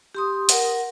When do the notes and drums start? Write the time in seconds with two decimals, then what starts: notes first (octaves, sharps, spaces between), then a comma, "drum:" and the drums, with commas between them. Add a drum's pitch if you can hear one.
0.15 G4 C6 D#6
0.49 A#4 F#5, drum: hi-hat